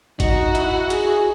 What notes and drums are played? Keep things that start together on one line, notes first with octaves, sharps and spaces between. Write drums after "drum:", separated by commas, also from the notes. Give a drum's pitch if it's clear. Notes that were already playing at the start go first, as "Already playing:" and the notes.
D#4 F#4, drum: kick, hi-hat
E4, drum: hi-hat
G#4, drum: hi-hat